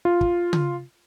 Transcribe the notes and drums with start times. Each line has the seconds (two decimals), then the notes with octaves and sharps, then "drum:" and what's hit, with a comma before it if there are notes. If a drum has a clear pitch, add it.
0.05 F4
0.21 drum: kick
0.53 drum: tom C#3